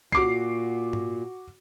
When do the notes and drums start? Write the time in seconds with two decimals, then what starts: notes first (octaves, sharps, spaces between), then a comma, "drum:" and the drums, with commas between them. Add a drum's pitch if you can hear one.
0.12 A#2 F#4 D6 C7, drum: kick C2
0.93 drum: tom G#2